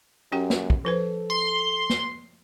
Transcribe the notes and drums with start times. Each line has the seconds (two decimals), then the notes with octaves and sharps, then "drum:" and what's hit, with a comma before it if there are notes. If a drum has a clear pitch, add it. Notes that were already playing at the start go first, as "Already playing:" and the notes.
0.32 F#2 C#4 G4 G5
0.50 drum: snare
0.70 drum: kick
0.85 F3 A4 B4 C5
1.30 C6
1.90 drum: snare